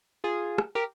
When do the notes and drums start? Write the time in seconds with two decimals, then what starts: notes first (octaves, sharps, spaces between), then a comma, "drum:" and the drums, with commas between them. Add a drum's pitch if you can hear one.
0.24 F4 G#4
0.58 drum: rim click
0.75 G4 A#4